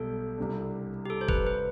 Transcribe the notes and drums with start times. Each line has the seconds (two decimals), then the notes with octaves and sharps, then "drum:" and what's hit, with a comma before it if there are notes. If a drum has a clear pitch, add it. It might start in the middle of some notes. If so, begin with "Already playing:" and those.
Already playing: B1 B2 G3 A4
0.38 C2 C3 G3 D4
1.05 G4
1.10 A4
1.21 C5
1.29 B4, drum: kick
1.47 B4